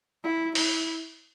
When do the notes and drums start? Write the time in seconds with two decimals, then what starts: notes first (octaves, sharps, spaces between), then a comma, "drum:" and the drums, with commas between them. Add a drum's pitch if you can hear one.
0.24 E4
0.55 E4, drum: open hi-hat